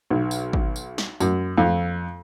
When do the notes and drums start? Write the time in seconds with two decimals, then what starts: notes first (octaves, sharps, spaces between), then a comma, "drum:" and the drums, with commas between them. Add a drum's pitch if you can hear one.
0.10 B1
0.31 drum: tambourine
0.53 drum: kick
0.76 drum: tambourine
0.98 drum: snare
1.20 F#2, drum: tambourine
1.58 F2